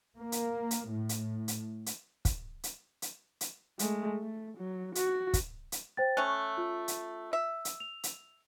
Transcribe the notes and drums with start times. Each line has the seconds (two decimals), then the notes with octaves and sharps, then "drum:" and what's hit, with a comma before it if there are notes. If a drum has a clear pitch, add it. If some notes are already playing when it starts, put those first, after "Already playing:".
0.19 A#3
0.32 drum: hi-hat
0.71 drum: hi-hat
0.91 A2
1.09 drum: hi-hat
1.48 drum: hi-hat
1.86 drum: hi-hat
2.25 drum: kick, hi-hat
2.64 drum: hi-hat
3.02 drum: hi-hat
3.41 drum: hi-hat
3.79 G#3 A3, drum: hi-hat
4.23 A3
4.58 F#3
4.95 F#4, drum: hi-hat
5.33 drum: kick, hi-hat
5.72 drum: hi-hat
5.97 C5 G5 A6
6.17 A3 C#4 F#6
6.57 F4
6.88 drum: hi-hat
7.33 E5
7.65 drum: hi-hat
7.80 F7
8.03 drum: hi-hat